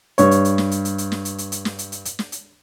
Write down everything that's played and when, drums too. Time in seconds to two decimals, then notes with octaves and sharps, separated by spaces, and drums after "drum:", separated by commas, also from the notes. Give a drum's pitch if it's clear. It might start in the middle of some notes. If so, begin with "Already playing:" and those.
0.18 G2 C#5, drum: hi-hat
0.31 drum: hi-hat
0.45 drum: hi-hat
0.58 drum: snare
0.71 drum: hi-hat
0.85 drum: hi-hat
0.98 drum: hi-hat
1.12 drum: snare
1.25 drum: hi-hat
1.38 drum: hi-hat
1.52 drum: hi-hat
1.65 drum: snare
1.79 drum: hi-hat
1.92 drum: hi-hat
2.05 drum: hi-hat
2.19 drum: snare
2.32 drum: hi-hat